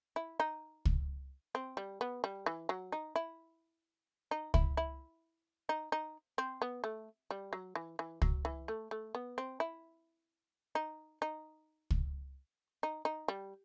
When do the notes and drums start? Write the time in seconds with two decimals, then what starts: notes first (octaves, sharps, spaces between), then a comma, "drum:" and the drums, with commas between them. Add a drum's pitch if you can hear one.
0.16 E4
0.40 D#4
0.85 drum: kick
1.55 C4
1.77 G3
2.01 B3
2.24 G3
2.46 E3
2.69 F#3
2.92 D#4
3.16 E4
4.31 D#4
4.54 E4, drum: kick
4.77 E4
5.69 D#4
5.92 D#4
6.38 C4
6.62 B3
6.84 A3
7.31 G3
7.53 F#3
7.75 E3
7.99 E3
8.22 F#3, drum: kick
8.45 E3
8.68 A3
8.91 A3
9.15 B3
9.38 C4
9.60 E4
10.75 D#4
11.22 D#4
11.90 drum: kick
12.83 D#4
13.05 D#4
13.28 G3